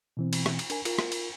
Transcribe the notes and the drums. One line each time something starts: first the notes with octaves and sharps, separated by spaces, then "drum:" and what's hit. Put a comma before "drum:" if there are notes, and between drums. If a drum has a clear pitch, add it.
B2 E3 C4
drum: cymbal
drum: rim click
drum: cymbal
D4 A#4 G#5, drum: cymbal
F4 A#4, drum: cymbal
drum: rim click
drum: cymbal